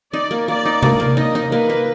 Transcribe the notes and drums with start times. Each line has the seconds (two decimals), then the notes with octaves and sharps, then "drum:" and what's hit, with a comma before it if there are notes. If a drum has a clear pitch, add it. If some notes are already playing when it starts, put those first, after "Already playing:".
0.13 D#4 D5
0.31 A#3
0.48 A#3 D5
0.65 D#4
0.83 A#3, drum: tom C3
1.00 A#3
1.17 D#4 D#5
1.35 D#4
1.52 A#3 B4
1.70 A#3